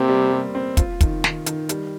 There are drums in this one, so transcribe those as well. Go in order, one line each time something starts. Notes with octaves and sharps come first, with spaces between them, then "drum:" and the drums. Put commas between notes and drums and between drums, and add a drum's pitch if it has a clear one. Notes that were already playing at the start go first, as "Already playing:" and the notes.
Already playing: C3 A#3 C4
G3
G3
C4
F4, drum: kick, hi-hat
D#3, drum: kick, hi-hat
D#3, drum: snare
D#3, drum: hi-hat
G3, drum: hi-hat